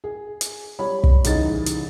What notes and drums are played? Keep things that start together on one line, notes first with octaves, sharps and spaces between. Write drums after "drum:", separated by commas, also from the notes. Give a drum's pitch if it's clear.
G#4
drum: hi-hat
G3 C#5 B5
drum: kick
C2 C#3 E3 D#4 A6, drum: hi-hat
drum: hi-hat